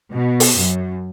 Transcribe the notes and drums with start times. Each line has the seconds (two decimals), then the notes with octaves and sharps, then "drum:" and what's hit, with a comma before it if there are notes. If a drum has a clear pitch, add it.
0.12 B2
0.40 drum: open hi-hat
0.57 F#2